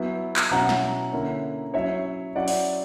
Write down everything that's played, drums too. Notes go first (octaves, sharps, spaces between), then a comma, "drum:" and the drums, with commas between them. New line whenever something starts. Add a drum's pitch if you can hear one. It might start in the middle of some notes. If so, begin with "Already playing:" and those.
Already playing: F#3 B3 E4
drum: clap
B2 F#3 C#4 E4 F#5 A#5
drum: snare
D3 A#3 C#4 E4
F#3 C#4 E4 C#5 E5
F#3 C#4 E4 D5 F#5
drum: open hi-hat